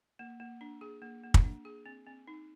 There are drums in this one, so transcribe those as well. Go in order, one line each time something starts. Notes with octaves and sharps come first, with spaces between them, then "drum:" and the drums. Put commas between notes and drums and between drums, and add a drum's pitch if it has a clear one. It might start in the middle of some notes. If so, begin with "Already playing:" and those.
A#3
A#3
D4
G#4
A#3
A#3
drum: kick
D4
G#4
C4
C4
D#4